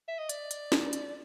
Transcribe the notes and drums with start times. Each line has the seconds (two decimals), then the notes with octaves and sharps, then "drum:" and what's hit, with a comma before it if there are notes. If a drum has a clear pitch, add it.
0.08 E5
0.19 D#5
0.29 D5, drum: hi-hat
0.51 drum: hi-hat
0.72 drum: snare
0.93 drum: hi-hat